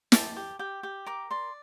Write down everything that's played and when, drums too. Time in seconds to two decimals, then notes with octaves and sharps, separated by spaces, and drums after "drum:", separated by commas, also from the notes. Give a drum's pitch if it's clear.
0.12 G4 A5, drum: snare
0.36 G4
0.59 G4 G5
0.83 G4
1.06 A#4 D6
1.30 D5 C6